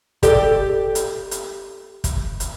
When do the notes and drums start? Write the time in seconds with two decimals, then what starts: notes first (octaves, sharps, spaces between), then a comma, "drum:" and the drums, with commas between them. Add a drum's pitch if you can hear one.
0.23 G4 A4 D5, drum: kick, hi-hat
0.95 drum: hi-hat
1.31 drum: hi-hat
2.04 drum: kick, hi-hat
2.40 drum: hi-hat